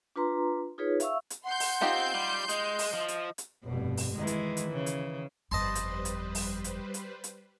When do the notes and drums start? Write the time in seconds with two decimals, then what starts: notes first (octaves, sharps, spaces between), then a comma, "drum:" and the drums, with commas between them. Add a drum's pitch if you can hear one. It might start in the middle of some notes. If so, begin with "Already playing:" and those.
0.16 D4 F4 B4 A#5 C6
0.78 D#4 F4 G#4 B4 C#5
1.00 E5 F5 C#6 E6, drum: hi-hat
1.30 drum: hi-hat
1.44 F#5 C6 G6
1.60 drum: open hi-hat
1.81 C4 D#4 F4 G4
2.14 G3
2.49 G#3 D#5, drum: hi-hat
2.79 drum: open hi-hat
2.94 F3
3.08 drum: hi-hat
3.38 drum: hi-hat
3.64 F1 G2 B2
3.97 drum: open hi-hat
4.15 D#3 E3 G#3 E4
4.27 drum: hi-hat
4.57 drum: hi-hat
4.72 C#3
4.86 drum: hi-hat
5.51 G1 F2 G3 B4 C5 D#5 A5 C6
5.75 drum: hi-hat
6.05 drum: hi-hat
6.35 drum: open hi-hat
6.64 drum: hi-hat
6.94 drum: hi-hat
7.24 drum: hi-hat